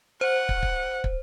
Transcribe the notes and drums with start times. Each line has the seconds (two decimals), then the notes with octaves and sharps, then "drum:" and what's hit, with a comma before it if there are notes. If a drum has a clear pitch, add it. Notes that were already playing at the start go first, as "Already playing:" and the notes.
0.21 C5 F#5
0.49 drum: kick
0.63 drum: kick
1.04 drum: kick